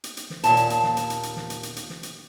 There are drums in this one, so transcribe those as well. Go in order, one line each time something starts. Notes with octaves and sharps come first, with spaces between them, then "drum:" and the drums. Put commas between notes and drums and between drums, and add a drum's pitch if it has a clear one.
drum: hi-hat
drum: hi-hat
drum: snare
D#2 A#2 A5, drum: hi-hat
drum: hi-hat
drum: hi-hat
drum: snare
drum: hi-hat
drum: hi-hat
drum: hi-hat
drum: snare
drum: hi-hat
drum: hi-hat
drum: hi-hat
drum: snare
drum: hi-hat